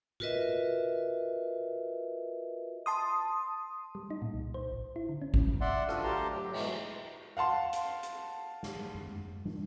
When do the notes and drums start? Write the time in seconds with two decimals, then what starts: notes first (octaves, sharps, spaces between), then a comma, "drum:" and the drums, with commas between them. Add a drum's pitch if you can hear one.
0.20 F4 F#4 A#4 B4 D#5 E5, drum: tom C3
2.86 A5 C6 D#6
3.95 G3
4.10 D#4
4.22 A#2
4.34 C2
4.54 C5
4.71 A1
4.96 E4
5.09 D3
5.22 C#4
5.34 drum: kick
5.61 D5 E5 F#5 C6
5.89 D4 F4 F#4 A4, drum: rim click
6.03 D2 D3 G4 A5 A#5 C6
6.33 F#3 G4
6.53 G#2 B2 E3 F#3 G#3 A3, drum: cymbal
7.37 F5 F#5 A5 C6
7.73 drum: hi-hat
8.03 drum: hi-hat
8.63 drum: snare
8.95 drum: tom F#2
9.45 drum: tom